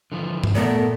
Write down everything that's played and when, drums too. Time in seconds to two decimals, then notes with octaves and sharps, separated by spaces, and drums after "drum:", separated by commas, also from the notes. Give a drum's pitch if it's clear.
0.12 D3 E3 F3
0.44 drum: tom
0.55 A#2 A3 B3 A#4 D5